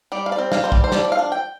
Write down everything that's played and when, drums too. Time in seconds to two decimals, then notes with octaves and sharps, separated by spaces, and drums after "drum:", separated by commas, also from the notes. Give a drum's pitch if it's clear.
0.12 G3 D5
0.26 F5
0.32 D5
0.38 C4
0.52 F5, drum: snare
0.64 G3 C5
0.72 D5, drum: kick
0.84 C5
0.92 F3 D5, drum: snare
1.05 D5
1.12 F5
1.19 D4
1.32 G5